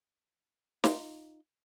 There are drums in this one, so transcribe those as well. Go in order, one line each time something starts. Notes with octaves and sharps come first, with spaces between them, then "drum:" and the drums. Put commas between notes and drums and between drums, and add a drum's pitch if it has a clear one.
D#4 F4, drum: snare